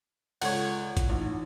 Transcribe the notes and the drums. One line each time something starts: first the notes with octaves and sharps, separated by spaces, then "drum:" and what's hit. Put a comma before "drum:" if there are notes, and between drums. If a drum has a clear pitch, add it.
C#2 F4 A4 C#5 D5 F#5, drum: open hi-hat
drum: kick A1, hi-hat
A1 E3 D#4 F4